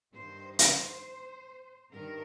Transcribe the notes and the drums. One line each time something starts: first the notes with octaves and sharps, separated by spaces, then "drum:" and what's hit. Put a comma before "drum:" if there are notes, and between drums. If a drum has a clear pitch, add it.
G2 D#3 C5
C5, drum: hi-hat
G2 D#3 A#4